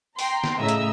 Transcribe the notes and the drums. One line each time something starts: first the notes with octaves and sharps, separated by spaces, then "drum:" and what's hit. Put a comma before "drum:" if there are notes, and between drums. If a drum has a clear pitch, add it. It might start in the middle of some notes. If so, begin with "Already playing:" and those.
G5 A#5 C6, drum: open hi-hat
drum: snare
A2 C#3 D#5 E5 A#5 E6
drum: hi-hat